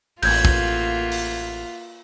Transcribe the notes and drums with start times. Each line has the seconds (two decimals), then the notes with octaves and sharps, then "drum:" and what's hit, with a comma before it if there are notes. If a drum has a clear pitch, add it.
0.22 A1 A#3 F4 F#4 E5 G6 G#6, drum: cymbal
0.45 drum: kick
1.12 drum: open hi-hat